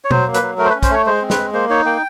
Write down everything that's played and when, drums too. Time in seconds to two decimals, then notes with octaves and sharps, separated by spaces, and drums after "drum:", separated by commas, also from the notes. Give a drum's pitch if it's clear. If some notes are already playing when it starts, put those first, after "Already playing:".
0.05 C#5
0.11 F#3 C5, drum: tom B2
0.27 A#3
0.34 B4, drum: hi-hat
0.42 F#3
0.58 A3 A#4
0.65 C5
0.70 B4
0.75 C#4
0.83 C5, drum: kick, hi-hat
0.90 A3 C#5
1.06 G#3 C5
1.22 C4
1.30 B4, drum: snare
1.37 G#3
1.53 A#3 C5
1.69 D#4 C#5
1.85 A#3 G5